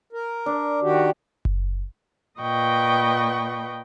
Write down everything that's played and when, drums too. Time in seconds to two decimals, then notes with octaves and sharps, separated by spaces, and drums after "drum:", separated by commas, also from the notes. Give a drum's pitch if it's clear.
0.13 A#4
0.46 D4
0.82 D#3 F#4 G4
1.45 drum: kick F#1
2.40 A#2 B4 D#5 G5 C#6